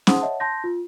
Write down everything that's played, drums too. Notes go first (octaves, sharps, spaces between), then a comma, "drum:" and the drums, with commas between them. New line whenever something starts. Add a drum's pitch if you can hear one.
G#4 C5 F#5 A5 C6 D#6, drum: snare C#4
C#5 D#5 E5 F#5 A5
A5 C6 G6 A#6
F4